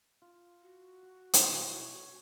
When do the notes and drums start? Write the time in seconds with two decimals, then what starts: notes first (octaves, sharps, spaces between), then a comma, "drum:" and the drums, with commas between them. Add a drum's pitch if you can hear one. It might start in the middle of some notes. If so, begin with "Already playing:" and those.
0.22 F4
0.62 F#4
1.33 B2 E4 C#5 G#5, drum: hi-hat